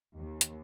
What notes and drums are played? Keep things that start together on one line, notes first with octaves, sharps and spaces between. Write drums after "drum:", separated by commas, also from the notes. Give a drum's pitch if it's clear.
D#2
drum: hi-hat